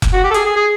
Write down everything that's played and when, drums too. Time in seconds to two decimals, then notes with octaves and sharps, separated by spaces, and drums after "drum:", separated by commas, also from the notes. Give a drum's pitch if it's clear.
0.02 drum: kick F1, hi-hat
0.13 F#4
0.24 G4
0.30 A4
0.34 G#4, drum: hi-hat
0.45 G#4
0.56 G#4